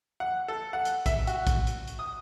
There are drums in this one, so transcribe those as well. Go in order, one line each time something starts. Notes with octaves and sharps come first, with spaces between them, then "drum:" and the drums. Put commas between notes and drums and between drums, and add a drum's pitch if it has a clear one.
F#5
A4
F#5
drum: hi-hat
E5, drum: kick, hi-hat
F#4, drum: hi-hat
drum: kick, hi-hat
drum: hi-hat
drum: hi-hat
D#6